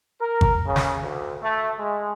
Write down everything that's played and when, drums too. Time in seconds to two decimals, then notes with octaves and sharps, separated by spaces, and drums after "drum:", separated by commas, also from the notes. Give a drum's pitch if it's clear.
0.21 A#4
0.41 drum: kick
0.67 C#3
0.76 drum: snare
1.02 D2
1.43 A3
1.79 G#3